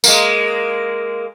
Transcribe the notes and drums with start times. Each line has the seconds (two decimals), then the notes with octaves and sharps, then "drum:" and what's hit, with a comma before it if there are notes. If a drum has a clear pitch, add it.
0.04 G#3 A#3, drum: tambourine